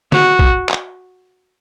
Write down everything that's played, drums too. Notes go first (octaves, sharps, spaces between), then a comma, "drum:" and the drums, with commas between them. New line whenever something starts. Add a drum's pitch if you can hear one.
F#4, drum: snare
drum: kick A#1
drum: clap